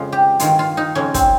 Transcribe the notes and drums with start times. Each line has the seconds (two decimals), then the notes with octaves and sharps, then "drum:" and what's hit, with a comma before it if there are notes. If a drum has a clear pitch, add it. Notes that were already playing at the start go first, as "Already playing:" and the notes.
Already playing: F2 C#3 F3 G#3 F4
0.12 G4
0.39 G2 D#3 G#3 F4, drum: hi-hat
0.59 F4
0.77 D#4
0.95 F2 C#3 G#3 C#4
1.14 C4, drum: kick, hi-hat